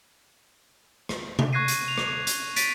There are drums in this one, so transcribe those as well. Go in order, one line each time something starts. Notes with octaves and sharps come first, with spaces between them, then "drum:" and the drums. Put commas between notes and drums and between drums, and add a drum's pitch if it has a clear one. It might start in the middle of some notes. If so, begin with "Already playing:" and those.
drum: rim click
drum: tom C3
C#6 F#6 G#6 A#6 C7 D#7
drum: hi-hat
F7
drum: rim click
drum: hi-hat
A6 B6 D7 D#7, drum: hi-hat